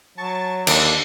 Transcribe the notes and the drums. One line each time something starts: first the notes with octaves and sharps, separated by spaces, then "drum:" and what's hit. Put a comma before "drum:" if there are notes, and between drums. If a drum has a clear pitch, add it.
F#3 A5 C#6 A6
D#2 D3 D4, drum: cymbal